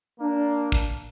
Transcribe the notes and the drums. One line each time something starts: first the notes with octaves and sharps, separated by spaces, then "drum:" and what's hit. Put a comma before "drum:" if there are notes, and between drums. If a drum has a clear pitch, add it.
A#3 D4
drum: kick